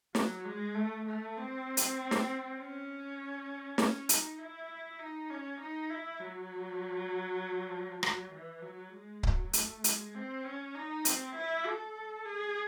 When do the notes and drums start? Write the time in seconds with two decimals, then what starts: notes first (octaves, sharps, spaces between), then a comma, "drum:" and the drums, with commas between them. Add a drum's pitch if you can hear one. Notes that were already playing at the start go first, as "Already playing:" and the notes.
0.15 F#3, drum: snare
0.45 G#3
0.75 A3
1.05 A3
1.36 C4
1.77 drum: hi-hat
2.11 drum: snare
2.57 C#4
3.78 C#4, drum: snare
4.09 D#4, drum: hi-hat
4.39 E4
4.99 D#4
5.30 C#4
5.60 D#4
5.90 E4
6.20 F#3
8.03 F#3, drum: rim click
8.33 E3
8.62 F#3
8.93 G#3
9.23 F#3, drum: kick C#1
9.53 A3, drum: hi-hat
9.84 G#3, drum: hi-hat
10.14 C4
10.45 C#4
10.74 D#4
11.05 C4, drum: hi-hat
11.35 E4
11.66 A4
12.26 G#4